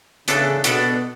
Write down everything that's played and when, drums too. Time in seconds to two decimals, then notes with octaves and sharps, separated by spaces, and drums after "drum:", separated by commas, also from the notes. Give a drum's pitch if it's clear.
0.28 A2 C#3 E3 B3 D4 A4, drum: hi-hat
0.64 B2 B3 D4 A4 D5, drum: hi-hat